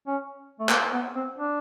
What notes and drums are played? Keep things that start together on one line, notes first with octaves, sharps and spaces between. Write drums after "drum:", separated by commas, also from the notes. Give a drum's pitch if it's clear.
C#4
A3
A#3, drum: clap
B3
C4
D4